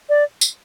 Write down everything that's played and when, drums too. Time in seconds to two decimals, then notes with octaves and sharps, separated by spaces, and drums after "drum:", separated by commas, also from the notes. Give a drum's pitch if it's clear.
0.09 D5
0.41 drum: tambourine